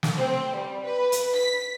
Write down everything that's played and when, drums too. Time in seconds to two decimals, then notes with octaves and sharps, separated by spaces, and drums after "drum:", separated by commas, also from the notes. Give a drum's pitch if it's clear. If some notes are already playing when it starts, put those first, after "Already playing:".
0.03 drum: snare
0.17 C4
0.55 G3
0.84 B4
1.12 drum: hi-hat
1.34 B6